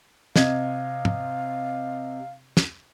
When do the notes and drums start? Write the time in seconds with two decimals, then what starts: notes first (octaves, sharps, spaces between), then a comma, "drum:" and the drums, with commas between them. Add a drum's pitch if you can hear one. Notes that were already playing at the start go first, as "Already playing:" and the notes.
0.36 C3 D#5 F5 G#6, drum: snare
1.05 drum: tom
2.57 drum: snare